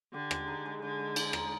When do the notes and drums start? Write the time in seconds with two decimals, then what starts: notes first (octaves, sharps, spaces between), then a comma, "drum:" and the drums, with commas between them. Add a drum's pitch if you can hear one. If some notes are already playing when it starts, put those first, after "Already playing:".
0.13 D3 G4
0.31 G#3, drum: rim click
0.48 D#4
0.65 G#3
0.82 D3 G#3
1.00 G#3
1.16 D#4, drum: cymbal
1.33 D#4, drum: rim click